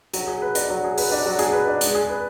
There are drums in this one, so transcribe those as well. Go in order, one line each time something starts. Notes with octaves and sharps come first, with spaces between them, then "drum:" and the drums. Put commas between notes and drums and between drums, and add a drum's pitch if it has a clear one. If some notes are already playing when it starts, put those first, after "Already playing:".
F#3, drum: hi-hat
G#4
B4
D4, drum: hi-hat
F#3
G#4
B4, drum: open hi-hat
D4
F#3
G#4, drum: hi-hat
B4
D4
G#3, drum: hi-hat
G#4
B4